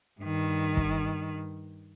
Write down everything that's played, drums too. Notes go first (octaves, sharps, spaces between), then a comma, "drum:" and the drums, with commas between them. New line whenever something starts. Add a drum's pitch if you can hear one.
G2 D#3
drum: kick